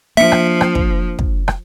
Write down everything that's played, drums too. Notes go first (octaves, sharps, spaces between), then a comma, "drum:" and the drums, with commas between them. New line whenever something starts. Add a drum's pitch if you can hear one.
F3 A#3 D4 E5
drum: rim click
drum: rim click
drum: kick
drum: kick
drum: rim click